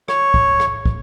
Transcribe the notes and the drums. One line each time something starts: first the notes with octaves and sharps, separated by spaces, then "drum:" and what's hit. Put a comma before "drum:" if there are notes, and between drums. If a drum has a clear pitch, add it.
C#5, drum: rim click
drum: kick
drum: rim click
drum: kick